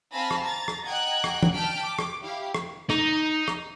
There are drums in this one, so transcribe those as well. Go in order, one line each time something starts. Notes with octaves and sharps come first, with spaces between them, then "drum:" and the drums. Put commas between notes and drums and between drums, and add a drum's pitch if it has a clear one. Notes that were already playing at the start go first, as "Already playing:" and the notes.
C4 F5 G#5 A5 B5 A#6
drum: rim click
A#5 A6
drum: rim click
D#5 F#5 G5 A#5 F#6 G#6
drum: rim click
drum: tom E3
G5 A5 F6 G6 B6 D7
D6
drum: rim click
E4 G4 F5
drum: rim click
D#4, drum: rim click
drum: rim click